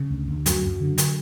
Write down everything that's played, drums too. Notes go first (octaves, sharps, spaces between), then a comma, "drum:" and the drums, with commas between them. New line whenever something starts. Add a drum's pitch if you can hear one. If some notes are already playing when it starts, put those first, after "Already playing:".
Already playing: C#3
D2
D2
F#2 F#3, drum: hi-hat
F#2
D3
D3, drum: hi-hat